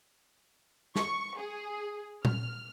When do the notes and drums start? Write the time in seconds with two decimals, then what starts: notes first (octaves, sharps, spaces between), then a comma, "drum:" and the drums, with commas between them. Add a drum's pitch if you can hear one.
0.96 C#6, drum: snare
1.38 G#4
2.25 F6, drum: tom A#2